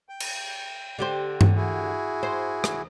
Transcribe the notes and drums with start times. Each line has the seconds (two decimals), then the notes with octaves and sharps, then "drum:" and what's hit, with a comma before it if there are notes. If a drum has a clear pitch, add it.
0.09 G5
0.20 drum: cymbal
0.99 D3 G4 C5
1.41 drum: tom G2
1.56 E4 F#4 G#4
2.23 C5
2.64 drum: rim click